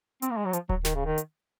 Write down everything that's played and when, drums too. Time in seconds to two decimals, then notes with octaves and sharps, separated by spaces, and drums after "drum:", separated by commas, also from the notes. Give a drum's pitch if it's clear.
0.22 C4, drum: hi-hat
0.31 A#3
0.37 G#3
0.45 F#3
0.53 F3, drum: hi-hat
0.69 F#3, drum: kick D1
0.85 D#3, drum: snare
0.95 C#3
1.06 D#3
1.18 drum: hi-hat